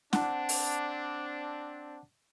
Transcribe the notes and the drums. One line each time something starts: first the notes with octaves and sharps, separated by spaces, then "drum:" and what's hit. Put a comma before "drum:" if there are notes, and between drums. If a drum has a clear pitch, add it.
C4 D4 F#5 A5, drum: snare
drum: open hi-hat